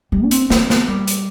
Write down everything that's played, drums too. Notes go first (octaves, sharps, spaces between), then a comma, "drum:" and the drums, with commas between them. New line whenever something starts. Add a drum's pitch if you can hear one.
G3
D4
C4, drum: hi-hat
C4, drum: snare
B3, drum: snare
G3
drum: hi-hat